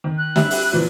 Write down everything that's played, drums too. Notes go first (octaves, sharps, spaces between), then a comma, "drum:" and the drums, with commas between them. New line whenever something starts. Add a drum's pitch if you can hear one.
D#3
F#6
G3 C#4 E5, drum: snare
drum: open hi-hat
A#2 E3 F3